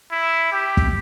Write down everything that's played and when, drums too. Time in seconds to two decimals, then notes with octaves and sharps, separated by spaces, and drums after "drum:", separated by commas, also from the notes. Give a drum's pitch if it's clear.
0.12 E4
0.52 G4
0.77 drum: kick